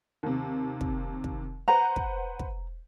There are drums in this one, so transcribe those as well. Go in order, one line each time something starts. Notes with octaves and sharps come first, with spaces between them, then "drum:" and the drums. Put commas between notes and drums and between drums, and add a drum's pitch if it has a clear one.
D#2 C3
drum: kick
drum: kick
B4 C5 F#5 A#5
drum: kick
drum: kick